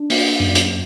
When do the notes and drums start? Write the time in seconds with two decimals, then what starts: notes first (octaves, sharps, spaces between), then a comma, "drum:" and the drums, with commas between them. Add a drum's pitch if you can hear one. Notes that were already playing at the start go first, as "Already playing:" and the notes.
Already playing: D4
0.10 A#3, drum: open hi-hat
0.40 F#2
0.55 drum: hi-hat